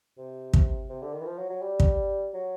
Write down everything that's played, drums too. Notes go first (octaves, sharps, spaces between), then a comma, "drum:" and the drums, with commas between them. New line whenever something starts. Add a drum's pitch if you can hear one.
C3
drum: kick
C3
D3
D#3
E3
F3
F#3
F#3
G3
drum: kick
F#3